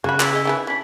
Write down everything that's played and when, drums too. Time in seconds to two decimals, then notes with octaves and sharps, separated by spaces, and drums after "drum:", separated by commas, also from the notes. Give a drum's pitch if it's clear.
0.04 C#3 A#3 F#4 B5
0.20 E4, drum: clap
0.33 G#4 D#5
0.45 D#3 E3 B4
0.67 C#4 D4 B5